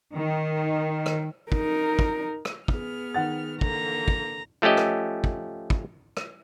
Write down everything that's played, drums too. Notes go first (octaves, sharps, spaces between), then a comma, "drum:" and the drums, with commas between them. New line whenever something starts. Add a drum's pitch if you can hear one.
D#3
drum: rim click
D#4 A#4, drum: kick
drum: kick
drum: rim click
B3 G#4 F6, drum: kick
D#3 F#5 A6
D3 E3 A#3 A#5, drum: kick
drum: kick
F3 A3 C#4 G4 D#5
drum: rim click
drum: kick
drum: kick
drum: rim click